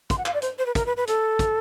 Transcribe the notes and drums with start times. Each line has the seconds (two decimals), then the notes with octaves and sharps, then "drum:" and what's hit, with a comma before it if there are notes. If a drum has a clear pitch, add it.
0.10 C6, drum: kick, hi-hat
0.18 F#5
0.26 F5, drum: clap
0.34 D5
0.42 C5, drum: hi-hat
0.59 C5
0.66 B4
0.75 A#4, drum: kick, hi-hat
0.86 B4
0.97 B4
1.07 A4, drum: hi-hat
1.39 drum: kick, hi-hat